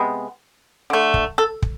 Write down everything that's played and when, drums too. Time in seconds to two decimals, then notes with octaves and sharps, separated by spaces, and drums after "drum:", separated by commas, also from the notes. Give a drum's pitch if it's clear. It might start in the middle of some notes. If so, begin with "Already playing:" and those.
Already playing: C3 G#3 B3
0.90 D3 A3
1.14 drum: kick
1.38 A4
1.62 drum: kick